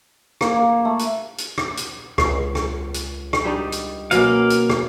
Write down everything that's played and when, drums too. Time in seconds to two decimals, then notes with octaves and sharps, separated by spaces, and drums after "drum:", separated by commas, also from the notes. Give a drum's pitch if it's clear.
0.41 A#3, drum: rim click
0.56 A#3
0.85 A3
0.99 drum: hi-hat
1.38 drum: hi-hat
1.58 drum: rim click
1.77 drum: hi-hat
2.18 C#2, drum: rim click
2.55 drum: rim click
2.94 drum: hi-hat
3.33 drum: rim click
3.44 G3 D4 D#4
3.72 drum: hi-hat
4.11 B2 F#3 A#3 C#4 F5, drum: hi-hat
4.50 drum: hi-hat
4.70 drum: rim click